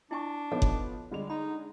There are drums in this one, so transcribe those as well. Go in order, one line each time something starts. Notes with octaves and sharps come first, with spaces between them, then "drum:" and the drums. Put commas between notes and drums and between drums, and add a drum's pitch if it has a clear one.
D4 E4 G#5 C#6
F3 B3 D#4 A4 C#5
drum: kick F#1
D3 G3 G#3 F7
D#4 B5